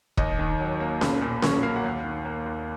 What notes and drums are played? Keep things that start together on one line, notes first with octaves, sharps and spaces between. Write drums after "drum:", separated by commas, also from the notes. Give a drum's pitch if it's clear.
D#2 D#5, drum: kick E1
D#3
F#3
A#3
B1, drum: snare C#4
A#2
F#3 C#5, drum: snare C#4
A#3 F5
F#5
D#2 F5
D#3
A#3
D#2